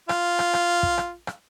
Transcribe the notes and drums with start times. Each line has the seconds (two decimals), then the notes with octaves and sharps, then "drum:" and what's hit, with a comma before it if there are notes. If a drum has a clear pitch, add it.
0.09 F4, drum: rim click
0.39 drum: rim click
0.53 drum: rim click
0.83 drum: kick
0.98 drum: rim click
1.27 drum: rim click